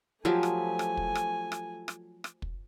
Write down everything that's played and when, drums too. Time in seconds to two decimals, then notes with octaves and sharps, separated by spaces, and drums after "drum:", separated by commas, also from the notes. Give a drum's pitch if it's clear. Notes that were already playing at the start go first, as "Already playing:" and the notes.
0.25 F3 F#3 A3 G4 G#5
0.43 drum: rim click
0.79 drum: rim click
0.97 drum: kick
1.15 drum: rim click
1.52 drum: rim click
1.88 drum: rim click
2.24 drum: rim click
2.42 drum: kick